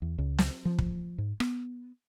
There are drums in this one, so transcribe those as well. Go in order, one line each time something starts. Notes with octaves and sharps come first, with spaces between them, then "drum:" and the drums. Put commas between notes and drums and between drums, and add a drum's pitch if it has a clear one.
E2
C#2
drum: snare
F3
drum: kick
G#2
B3, drum: rim click